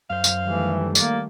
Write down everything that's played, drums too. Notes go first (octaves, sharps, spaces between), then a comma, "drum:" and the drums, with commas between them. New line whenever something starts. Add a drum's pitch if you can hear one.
F#2 C5 F5
drum: tambourine
D#3 E3 G3 A3
A#3 D5, drum: tambourine